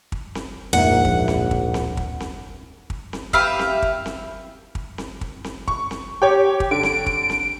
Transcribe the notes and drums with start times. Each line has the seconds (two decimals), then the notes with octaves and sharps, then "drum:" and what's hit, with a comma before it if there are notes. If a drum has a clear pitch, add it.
0.12 drum: kick
0.35 drum: snare C4
0.73 D1 A#1 F2 G#2 A#3 E5 F#5
1.05 drum: kick
1.28 drum: snare C4
1.51 drum: kick
1.74 drum: snare C4
1.97 drum: kick
2.20 drum: snare C4
2.90 drum: kick
3.13 drum: snare C4
3.33 G4 B4 E5 F5, drum: kick
3.59 drum: snare C4
3.82 drum: kick
4.06 drum: snare C4
4.75 drum: kick
4.98 drum: snare C4
5.21 drum: kick
5.44 drum: snare C4
5.68 C#6, drum: kick
5.91 drum: snare C4
6.22 G4 C#5 G5
6.60 drum: kick
6.71 D3 D7
6.83 drum: snare C4
7.06 drum: kick
7.30 drum: snare C4